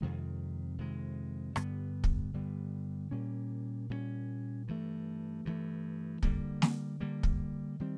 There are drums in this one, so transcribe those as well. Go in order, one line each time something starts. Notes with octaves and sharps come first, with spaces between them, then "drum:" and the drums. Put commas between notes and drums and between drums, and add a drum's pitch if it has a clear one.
F2 C3 D#3 G#3
F2 C3 D#3 G#3
G2 D3 G3 B3, drum: rim click
drum: kick
G2 D3 G3 B3
A#2 G3 A#3 C#4
A#2 G3 A#3 C#4
G2 E3 A3
G2 E3 A3
D3 G3 A#3, drum: kick
drum: snare
D3 G3 A#3
drum: kick
D#3 G3 C4